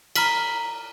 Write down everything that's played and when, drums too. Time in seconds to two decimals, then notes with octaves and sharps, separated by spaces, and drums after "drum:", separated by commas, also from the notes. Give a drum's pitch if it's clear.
0.15 A#5 B5 F6 B6 F#7, drum: cymbal